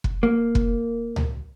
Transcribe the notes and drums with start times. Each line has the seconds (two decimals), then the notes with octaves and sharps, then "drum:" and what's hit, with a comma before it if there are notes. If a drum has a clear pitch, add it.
0.04 drum: kick
0.23 A#3
0.55 drum: kick
1.16 drum: tom C#2